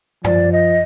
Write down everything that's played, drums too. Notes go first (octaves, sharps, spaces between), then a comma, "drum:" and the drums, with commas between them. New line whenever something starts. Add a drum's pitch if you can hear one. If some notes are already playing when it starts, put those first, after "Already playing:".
F3 D5, drum: tom F#2
D#5